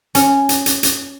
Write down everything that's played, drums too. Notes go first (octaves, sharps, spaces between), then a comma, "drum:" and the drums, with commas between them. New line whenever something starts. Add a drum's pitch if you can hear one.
C#4, drum: hi-hat
drum: hi-hat
drum: hi-hat
drum: hi-hat